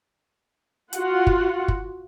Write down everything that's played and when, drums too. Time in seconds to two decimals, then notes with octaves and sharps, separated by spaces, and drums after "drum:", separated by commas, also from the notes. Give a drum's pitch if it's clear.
0.93 F4 F#4 F#5, drum: hi-hat
1.27 drum: kick F#1
1.68 drum: kick F#1